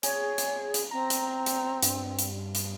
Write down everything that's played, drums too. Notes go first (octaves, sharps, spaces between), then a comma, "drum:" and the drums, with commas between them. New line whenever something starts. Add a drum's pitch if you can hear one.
G#4 C#5, drum: hi-hat
drum: hi-hat
drum: hi-hat
C4 A#5
drum: hi-hat
drum: hi-hat
G2, drum: hi-hat
drum: hi-hat
drum: hi-hat